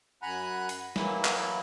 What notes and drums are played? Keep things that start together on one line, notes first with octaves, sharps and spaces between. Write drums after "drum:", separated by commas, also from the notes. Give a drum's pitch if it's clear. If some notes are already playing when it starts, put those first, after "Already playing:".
F#2 F#5 G#5 A#5 B5 F#6
drum: open hi-hat
E3 F#3 A#3 E4, drum: snare
drum: clap